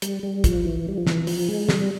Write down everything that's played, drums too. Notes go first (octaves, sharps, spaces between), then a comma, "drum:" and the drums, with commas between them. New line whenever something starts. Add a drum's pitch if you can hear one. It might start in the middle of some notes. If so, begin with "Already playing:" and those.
G3, drum: hi-hat
G3
F3, drum: kick, hi-hat
E3
G3
F3
E3, drum: snare
F3, drum: open hi-hat
G#3
G3, drum: snare